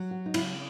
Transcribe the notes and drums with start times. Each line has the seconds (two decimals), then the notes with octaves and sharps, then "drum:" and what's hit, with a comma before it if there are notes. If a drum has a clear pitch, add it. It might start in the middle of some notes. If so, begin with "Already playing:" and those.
Already playing: F#3
0.11 F#4
0.26 D#4
0.34 C#3 E4, drum: cymbal